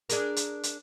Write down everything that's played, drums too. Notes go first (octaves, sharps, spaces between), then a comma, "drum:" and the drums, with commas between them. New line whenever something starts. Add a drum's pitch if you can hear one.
D4 G#4 A#4, drum: hi-hat
drum: hi-hat
drum: hi-hat